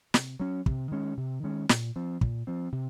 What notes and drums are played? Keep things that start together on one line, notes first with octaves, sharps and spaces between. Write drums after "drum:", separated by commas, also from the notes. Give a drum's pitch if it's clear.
C3, drum: snare
F#3 C#4
C3, drum: kick
D#3 G#3 C#4
C3
D#3 G#3 C#4
A#2, drum: snare
F3 C4
A#2, drum: kick
F3 C4
C3